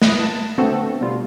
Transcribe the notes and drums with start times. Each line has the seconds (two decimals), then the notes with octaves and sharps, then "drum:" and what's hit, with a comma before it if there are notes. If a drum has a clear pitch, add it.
0.02 B4 D#5, drum: snare
0.20 A5
0.58 D3 A3 B3 C4 F#4 A4
1.01 B2 G3 F4